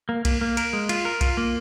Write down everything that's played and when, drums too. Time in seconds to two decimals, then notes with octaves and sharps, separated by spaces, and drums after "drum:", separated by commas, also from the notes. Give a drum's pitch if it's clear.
0.09 A#3
0.25 A#3, drum: kick B1, cymbal
0.41 A#3
0.57 A#4, drum: cymbal
0.73 G#3
0.89 F4, drum: cymbal
1.05 A#4
1.21 F4, drum: kick B1, cymbal
1.37 A#3